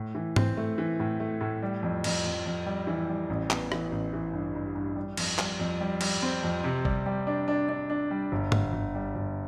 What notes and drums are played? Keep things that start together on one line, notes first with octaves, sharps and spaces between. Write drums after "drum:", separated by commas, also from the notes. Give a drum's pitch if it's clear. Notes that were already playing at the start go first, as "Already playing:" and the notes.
Already playing: A2
E3
C4, drum: tom G#2
A3
E3
A2
A3
A2
G3
F2
F2, drum: cymbal
F2
F2
G3
E3
G3
A1
B3, drum: clap
E3, drum: rim click
A1
E3
G2
G2
G2
G3
F2, drum: cymbal
G3, drum: clap
F2
G3
G3, drum: cymbal
C4
F2
C3
G3, drum: kick G#1
G3
D4
D4
D4
D4
G3
G1
G1, drum: tom G#2
G1
G3
G1